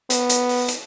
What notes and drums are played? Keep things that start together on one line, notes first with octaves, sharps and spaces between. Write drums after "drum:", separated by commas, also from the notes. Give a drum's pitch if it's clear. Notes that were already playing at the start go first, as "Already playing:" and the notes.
B3, drum: hi-hat
drum: hi-hat
drum: open hi-hat
drum: hi-hat